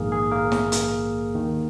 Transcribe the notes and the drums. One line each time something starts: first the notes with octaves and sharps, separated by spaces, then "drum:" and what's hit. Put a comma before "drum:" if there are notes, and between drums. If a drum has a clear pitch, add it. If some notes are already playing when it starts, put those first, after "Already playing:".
Already playing: A#1 G#2 D#3 A#3 G#4 A#4
G#4
A#3 A#4
drum: snare
drum: hi-hat
D#2 D#3